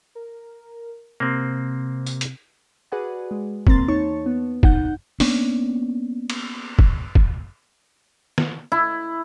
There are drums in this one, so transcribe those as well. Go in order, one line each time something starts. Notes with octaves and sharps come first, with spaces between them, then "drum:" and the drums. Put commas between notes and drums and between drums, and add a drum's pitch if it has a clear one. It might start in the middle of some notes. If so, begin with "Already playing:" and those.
A#4
C3 A#3 C4
drum: tambourine
drum: hi-hat
F#4 G#4 B4 D5 F#5 G#5
G#3
A#3 C4 A#5 C6 A6, drum: kick
E2 D#4 C#5 A5 C#6
B3
G#1 D#4 F#5 G6, drum: kick
A#3 B3 C#4 D4, drum: open hi-hat
drum: cymbal
drum: kick
drum: kick
drum: snare
E4